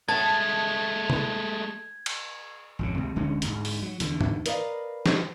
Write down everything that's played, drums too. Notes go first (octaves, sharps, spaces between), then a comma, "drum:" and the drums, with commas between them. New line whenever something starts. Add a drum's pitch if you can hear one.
G#3 A3 A5 G#6
drum: tom
drum: cymbal
G#1 F2 C#3
C#2 C3
D1 D3 G#3 C#4
D1 G#2, drum: hi-hat
drum: open hi-hat
F#3
E2 D3 D#3, drum: hi-hat
drum: tom G#2
A#4 B4 D5 D#5 F5, drum: hi-hat
drum: snare